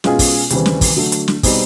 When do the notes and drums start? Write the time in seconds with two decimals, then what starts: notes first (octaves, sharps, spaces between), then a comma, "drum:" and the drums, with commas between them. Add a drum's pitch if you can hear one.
0.04 B2 G#3 C#4 F4 G#4, drum: snare
0.19 drum: kick, open hi-hat
0.50 D#2 C#3 E3 G3 C4, drum: hi-hat
0.66 drum: snare
0.81 drum: kick, open hi-hat
0.96 D3 F#3 A3
1.12 drum: hi-hat
1.28 drum: snare
1.43 B2 G3 C4 D#4 G#4, drum: kick, open hi-hat